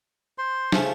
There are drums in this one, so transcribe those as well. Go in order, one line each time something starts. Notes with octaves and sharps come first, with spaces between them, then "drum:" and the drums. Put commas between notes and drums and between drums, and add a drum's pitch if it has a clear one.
C5 C6
C#3 F3 A3, drum: snare